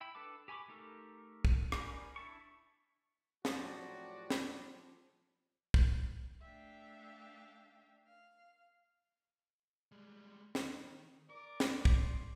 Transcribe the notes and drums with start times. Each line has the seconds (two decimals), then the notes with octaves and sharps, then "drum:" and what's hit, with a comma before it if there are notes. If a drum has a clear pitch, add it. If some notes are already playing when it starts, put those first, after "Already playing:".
0.01 E4 G5 B5
0.15 D4 A4 B4 A5 D6
0.48 G4 G#5 B5 C#6 D6
0.68 A3 D#4 G4 A4 A#4
1.45 drum: kick
1.72 G4 A#4 D5 G#5 B5, drum: rim click
2.16 D4 E4 A5 C#6
3.45 A2 F3 F#3 F#4 G4 D5, drum: snare
4.30 drum: snare
5.74 drum: kick
6.41 A3 D4 E5 F5 G5
8.05 F5
9.92 G3 G#3
10.55 D#3, drum: snare
11.30 A#4 D5 D6
11.60 drum: snare
11.85 C2 C6, drum: kick